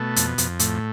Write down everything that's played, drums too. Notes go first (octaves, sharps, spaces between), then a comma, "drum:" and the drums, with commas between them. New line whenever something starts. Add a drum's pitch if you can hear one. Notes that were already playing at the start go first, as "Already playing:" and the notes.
Already playing: B2 A3
F2, drum: hi-hat
F2, drum: hi-hat
A2, drum: hi-hat